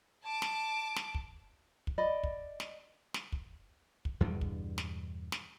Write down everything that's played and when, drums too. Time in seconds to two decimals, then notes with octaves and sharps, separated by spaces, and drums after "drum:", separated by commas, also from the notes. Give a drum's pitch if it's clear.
0.24 A5 D6
0.42 drum: snare
0.96 drum: snare
1.15 drum: kick
1.87 drum: kick
1.98 D5 D#5 B5
2.23 drum: kick
2.60 drum: snare
3.14 drum: snare
3.32 drum: kick
4.05 drum: kick
4.20 E2 G2 B2 D3
4.41 drum: kick
4.78 drum: snare
5.32 drum: snare